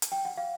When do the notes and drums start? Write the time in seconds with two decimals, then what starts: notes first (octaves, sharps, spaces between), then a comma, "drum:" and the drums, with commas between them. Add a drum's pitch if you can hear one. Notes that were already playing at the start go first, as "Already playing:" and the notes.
0.02 drum: hi-hat
0.12 G5
0.25 F#5
0.37 F5